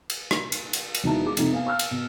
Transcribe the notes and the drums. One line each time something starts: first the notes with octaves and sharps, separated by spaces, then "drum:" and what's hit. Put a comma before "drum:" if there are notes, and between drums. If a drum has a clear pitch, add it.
drum: cymbal
drum: rim click
drum: cymbal
drum: cymbal
drum: cymbal
E1 E3 D#4 E4 A5
G#3 D6
F2 C3 A3 D#4, drum: cymbal
B3 F5 G#5
F5 C#6 E6 F6
drum: cymbal
B2